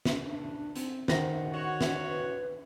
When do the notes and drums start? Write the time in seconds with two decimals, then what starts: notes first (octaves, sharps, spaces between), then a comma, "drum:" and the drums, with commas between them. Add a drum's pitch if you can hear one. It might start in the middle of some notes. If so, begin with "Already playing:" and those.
0.05 drum: snare
0.24 D4
0.76 C4, drum: hi-hat
1.08 D#3 C5 F#5 A#6, drum: snare
1.53 F#4 C#5
1.81 drum: snare
2.08 B4